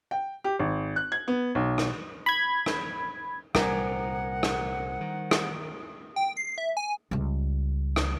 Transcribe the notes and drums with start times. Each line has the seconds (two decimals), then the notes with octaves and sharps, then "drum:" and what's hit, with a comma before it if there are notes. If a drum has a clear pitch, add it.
0.11 G5
0.44 G4
0.59 G#1
0.96 F#6
1.12 G#6
1.28 B3
1.55 B1
1.78 drum: rim click
2.26 B5 G#6
2.66 drum: rim click
3.55 C2 A#2 G3 A#4 C5 F#5 G#5, drum: rim click
4.43 drum: rim click
5.01 D#3
5.31 drum: rim click
6.16 G5
6.37 C7
6.58 E5
6.77 G#5
7.11 C#2 G3
7.96 drum: rim click